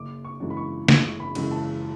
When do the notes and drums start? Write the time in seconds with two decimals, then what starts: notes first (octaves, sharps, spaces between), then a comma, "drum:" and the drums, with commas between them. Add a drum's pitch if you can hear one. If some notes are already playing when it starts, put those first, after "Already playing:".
Already playing: F#1 D6
0.25 C#6
0.40 F#2 C#3 E3 G#3
0.50 B5
0.57 C#6
0.88 F#1, drum: snare
1.20 B5
1.35 F#2 C#3 E3 G#3, drum: cymbal
1.51 A5